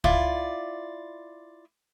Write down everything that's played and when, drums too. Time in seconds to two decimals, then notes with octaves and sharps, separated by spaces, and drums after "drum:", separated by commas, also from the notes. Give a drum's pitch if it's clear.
0.04 E4 F4 D5, drum: kick